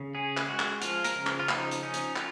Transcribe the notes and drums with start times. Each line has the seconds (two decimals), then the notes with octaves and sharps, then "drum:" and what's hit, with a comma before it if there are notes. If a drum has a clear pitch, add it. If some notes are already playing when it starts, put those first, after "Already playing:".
Already playing: C#3
0.15 C#4 G#4
0.37 drum: clap
0.48 G#3 F#4
0.59 drum: clap
0.82 F3 F4, drum: hi-hat
1.04 A#4, drum: hi-hat
1.15 C#3
1.27 drum: clap
1.40 F4
1.49 F3 D#4, drum: clap
1.71 drum: hi-hat
1.83 C#4 D#4
1.94 drum: hi-hat
2.16 F4, drum: clap